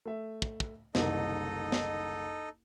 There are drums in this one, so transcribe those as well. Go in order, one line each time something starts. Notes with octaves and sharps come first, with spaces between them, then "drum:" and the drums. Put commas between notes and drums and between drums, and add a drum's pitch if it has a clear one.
A3 E5
drum: kick
drum: kick
F#1 C2 D#3 D#4 A4 D#5, drum: snare
drum: snare